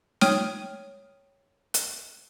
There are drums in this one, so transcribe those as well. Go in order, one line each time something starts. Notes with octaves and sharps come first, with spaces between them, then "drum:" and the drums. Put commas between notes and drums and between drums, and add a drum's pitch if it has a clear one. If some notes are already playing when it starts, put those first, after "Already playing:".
C#5 G5 D#6 F6 D#7, drum: snare
drum: hi-hat